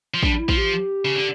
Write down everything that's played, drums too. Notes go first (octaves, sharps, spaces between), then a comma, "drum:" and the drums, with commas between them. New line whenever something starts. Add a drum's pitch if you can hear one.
F3
G3 D4, drum: kick
E4
F3, drum: kick
G4
C#3
D3